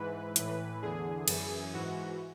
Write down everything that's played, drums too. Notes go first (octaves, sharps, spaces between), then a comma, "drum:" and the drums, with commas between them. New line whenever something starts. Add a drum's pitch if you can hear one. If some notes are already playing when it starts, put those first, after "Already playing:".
Already playing: G#2 E3 B4
A2 E3 B4, drum: hi-hat
E2 D3 G#4
F#2 E3, drum: cymbal
G#2 E3 F#4